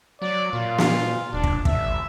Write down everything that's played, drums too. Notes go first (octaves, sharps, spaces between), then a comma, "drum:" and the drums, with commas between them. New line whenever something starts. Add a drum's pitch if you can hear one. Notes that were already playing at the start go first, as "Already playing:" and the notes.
F#3 D5
A#2 F4
drum: snare
D#1 D4
drum: kick
G#1 E5, drum: kick